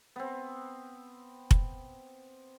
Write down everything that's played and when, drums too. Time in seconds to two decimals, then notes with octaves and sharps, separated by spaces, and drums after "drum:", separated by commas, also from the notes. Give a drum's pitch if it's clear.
0.16 B3 C4
1.51 drum: kick F1